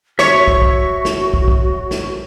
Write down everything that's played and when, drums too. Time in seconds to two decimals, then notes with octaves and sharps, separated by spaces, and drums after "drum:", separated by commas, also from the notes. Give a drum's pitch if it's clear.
0.19 F#4 C#5 E5 C#6, drum: snare
0.48 drum: kick
0.62 drum: kick
1.05 drum: snare
1.34 drum: kick
1.48 drum: kick
1.91 drum: snare